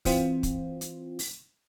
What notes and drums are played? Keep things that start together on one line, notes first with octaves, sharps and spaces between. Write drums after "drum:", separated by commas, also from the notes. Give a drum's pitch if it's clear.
E3 C4 F4, drum: kick, open hi-hat
drum: kick, hi-hat
drum: hi-hat
drum: open hi-hat